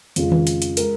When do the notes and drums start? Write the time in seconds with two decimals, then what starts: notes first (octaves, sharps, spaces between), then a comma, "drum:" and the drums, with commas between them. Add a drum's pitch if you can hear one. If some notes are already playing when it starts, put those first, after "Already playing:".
0.16 F2 C#3 G#3 F4, drum: hi-hat
0.32 drum: tom D#3
0.47 drum: hi-hat
0.62 drum: hi-hat
0.77 G#3 A#4, drum: hi-hat